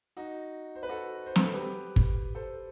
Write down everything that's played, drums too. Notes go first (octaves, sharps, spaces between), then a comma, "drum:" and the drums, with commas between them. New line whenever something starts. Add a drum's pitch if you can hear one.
D#4 F#4
C5
B4
F#4 A4
C5
B4, drum: snare
A4
G4 B4
drum: kick
A4 C5